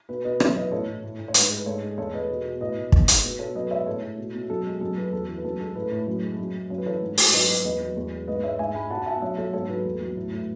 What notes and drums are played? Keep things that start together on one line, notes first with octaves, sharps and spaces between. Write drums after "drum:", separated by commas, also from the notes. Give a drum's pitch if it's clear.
B2 B4
B2 B4 D#5
F#2 C#5 E5, drum: rim click
E3 B4 D#5
A2 A4 C#5
A2
A2
A2
C#5
G#2 B4, drum: hi-hat
G#3 B4
G#2 A4 C#5
G#3
E2 A4 C#5
G#3 B4 D#5
B2
B2
A2 B4 D#5
A2
G#2, drum: kick
G#3, drum: hi-hat
B2 B4
B2 A4 C#5
F#2 B4 D#5
G#3 C#5 E5
B4
A2 A4 C#5
A2
B2
B2
F#2 A4
G#3
F#2 A4
F#3 B4
E2 A4
E3
B4
F#2 A4
G#3 A4
A2 B4
A2
F#2
G#3
F#2
G#3
F#2 C#5
B4
E3 A4 C#5
G#2
G#2, drum: open hi-hat
F#2 B4 D#5
F#3 B4 D#5
E2 B4 D#5
F#3 B4
E2
G#3
G#2 B4 D#5
G#3 C#5 E5
G#2 E5 G#5
G#3 G#5 B5
B2 F#5 A5
A5
B2 E5 G#5
F#2 C#5 E5
F#3 A4 C#5
G#2 A4 C#5
F#3 B4
E2
F#3
A2
A2